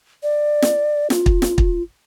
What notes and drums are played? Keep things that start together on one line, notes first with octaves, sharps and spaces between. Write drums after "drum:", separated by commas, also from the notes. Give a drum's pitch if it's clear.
D5
drum: snare
F4, drum: snare
drum: kick
drum: snare
drum: kick